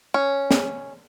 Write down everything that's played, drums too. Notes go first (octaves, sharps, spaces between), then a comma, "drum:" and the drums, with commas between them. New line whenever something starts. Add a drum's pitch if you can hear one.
C#4
drum: snare